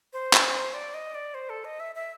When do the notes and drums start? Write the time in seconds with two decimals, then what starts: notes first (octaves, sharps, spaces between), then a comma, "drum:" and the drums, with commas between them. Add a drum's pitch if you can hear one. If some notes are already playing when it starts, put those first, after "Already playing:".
0.13 C5
0.33 drum: clap
0.74 D5
0.94 D#5
1.14 D5
1.34 C5
1.50 A4
1.65 D#5
1.80 E5
1.95 E5